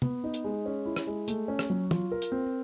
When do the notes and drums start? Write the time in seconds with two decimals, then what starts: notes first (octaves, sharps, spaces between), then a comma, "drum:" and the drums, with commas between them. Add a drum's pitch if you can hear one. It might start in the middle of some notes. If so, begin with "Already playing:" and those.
0.02 B3, drum: tom
0.24 D#4
0.34 drum: hi-hat
0.44 G#3
0.66 C#4
0.86 E4
0.96 drum: rim click
1.07 G#3
1.28 A3, drum: hi-hat
1.48 C#4
1.59 drum: rim click
1.70 F#3
1.91 F4, drum: tom
2.12 A#4
2.22 drum: hi-hat
2.32 C4